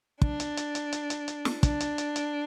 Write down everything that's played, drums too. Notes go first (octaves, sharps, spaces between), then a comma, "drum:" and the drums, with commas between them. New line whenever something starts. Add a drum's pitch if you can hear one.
D4, drum: kick
drum: hi-hat
drum: hi-hat
drum: hi-hat
drum: hi-hat
drum: hi-hat
drum: hi-hat
drum: snare
D4, drum: kick, hi-hat
drum: hi-hat
drum: hi-hat
drum: hi-hat